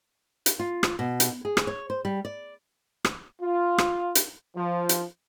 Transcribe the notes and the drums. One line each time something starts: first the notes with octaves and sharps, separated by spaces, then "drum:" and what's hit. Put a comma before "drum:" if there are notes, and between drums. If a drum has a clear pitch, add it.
drum: hi-hat
F4
drum: rim click
B2
drum: hi-hat
G#4
drum: rim click
C#5
C5
G3
D5
drum: rim click
F4
drum: rim click
drum: hi-hat
F3
drum: hi-hat